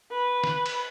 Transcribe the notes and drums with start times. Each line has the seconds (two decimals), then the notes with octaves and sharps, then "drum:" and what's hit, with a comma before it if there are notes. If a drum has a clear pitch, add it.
0.11 B4
0.44 drum: snare
0.66 drum: cymbal